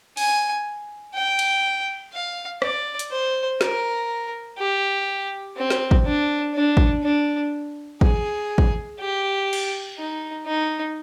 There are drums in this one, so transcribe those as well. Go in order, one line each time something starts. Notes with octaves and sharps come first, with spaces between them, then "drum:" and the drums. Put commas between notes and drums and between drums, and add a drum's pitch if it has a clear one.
G#5, drum: open hi-hat
G5
drum: cymbal
F5
D5, drum: rim click
drum: hi-hat
C5
A#4, drum: snare
G4
C4
drum: snare
drum: kick A1
D4
D4
drum: kick A1
D4
G#4, drum: kick A1
drum: kick A1
G4
drum: cymbal
D#4
D#4